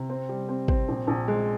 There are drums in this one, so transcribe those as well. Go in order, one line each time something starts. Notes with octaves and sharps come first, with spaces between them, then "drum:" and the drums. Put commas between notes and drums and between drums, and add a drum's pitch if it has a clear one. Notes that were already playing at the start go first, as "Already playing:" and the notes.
Already playing: C3
C4
G3
C4
C4, drum: kick
A#1
A#1
G#3